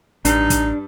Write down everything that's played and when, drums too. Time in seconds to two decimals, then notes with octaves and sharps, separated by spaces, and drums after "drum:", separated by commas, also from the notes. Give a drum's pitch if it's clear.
0.25 A1 G2 G3 D4 D#4, drum: hi-hat
0.50 drum: kick, hi-hat